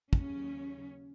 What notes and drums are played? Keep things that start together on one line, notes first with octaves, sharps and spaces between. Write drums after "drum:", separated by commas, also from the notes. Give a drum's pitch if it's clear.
D#2 C#3 F#3 C#4, drum: kick